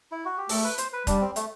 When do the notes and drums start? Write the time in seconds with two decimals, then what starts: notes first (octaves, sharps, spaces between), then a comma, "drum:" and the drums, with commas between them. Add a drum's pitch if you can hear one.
0.12 E4
0.25 F#4
0.37 G4
0.49 A3 A4, drum: open hi-hat
0.64 B4
0.78 C5, drum: hi-hat
0.93 B4
1.07 G3 D4, drum: kick, hi-hat
1.21 C4
1.36 A3, drum: hi-hat